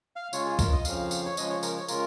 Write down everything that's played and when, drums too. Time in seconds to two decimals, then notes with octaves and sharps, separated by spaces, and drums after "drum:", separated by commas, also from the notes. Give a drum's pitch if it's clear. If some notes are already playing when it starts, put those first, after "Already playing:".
0.16 F5
0.33 C#3 G#3 F4 C#5, drum: tambourine
0.46 G#4
0.59 A#4, drum: kick C2, tambourine
0.73 D#5
0.85 F2 C#3 F3 F5, drum: tambourine
1.11 drum: tambourine
1.26 C#5
1.37 C#3 F3 G#3 D#5, drum: tambourine
1.50 C#5
1.63 A#4, drum: tambourine
1.76 C#5
1.88 C#3 G#3 F4 A#4, drum: tambourine